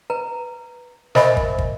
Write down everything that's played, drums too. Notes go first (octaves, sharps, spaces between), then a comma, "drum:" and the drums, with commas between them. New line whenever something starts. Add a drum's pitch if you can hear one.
B4 A#5
A#4 C5 D#5 E5 G#5 B5, drum: snare
drum: kick
drum: kick